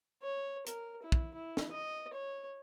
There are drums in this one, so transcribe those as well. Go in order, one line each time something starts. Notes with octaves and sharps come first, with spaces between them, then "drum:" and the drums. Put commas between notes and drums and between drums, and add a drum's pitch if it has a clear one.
C#5
A#4, drum: hi-hat
E4
drum: kick
E4
drum: snare
D#5
C#5